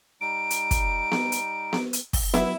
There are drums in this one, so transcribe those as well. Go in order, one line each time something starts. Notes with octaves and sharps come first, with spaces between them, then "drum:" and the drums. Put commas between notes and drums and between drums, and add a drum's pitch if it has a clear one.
G3 D#4 D7
drum: hi-hat
drum: kick, hi-hat
drum: snare B3
drum: hi-hat
drum: snare B3
drum: hi-hat
drum: kick, open hi-hat
F#3 B3 E4, drum: snare B3